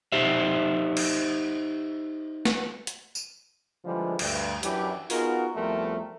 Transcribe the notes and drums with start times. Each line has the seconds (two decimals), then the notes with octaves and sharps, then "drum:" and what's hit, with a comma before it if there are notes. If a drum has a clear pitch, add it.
0.12 D#4 G4 C5 E5
0.97 drum: cymbal
2.45 drum: snare
2.87 drum: hi-hat
3.15 drum: tambourine
3.85 D3 E3 F3 G3 G#3
4.19 D2 G2, drum: cymbal
4.63 F#2 E3 F#3 D4 E4 G4, drum: hi-hat
5.10 B3 D#4 F4 F#4 G#4 A#4, drum: open hi-hat
5.55 E2 F3 G3 A3 C4 A#4